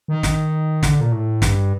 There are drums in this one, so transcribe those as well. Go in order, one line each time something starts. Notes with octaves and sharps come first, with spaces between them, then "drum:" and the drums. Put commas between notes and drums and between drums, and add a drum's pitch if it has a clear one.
D#3
drum: snare
D3, drum: snare
A#2
A2
G2, drum: snare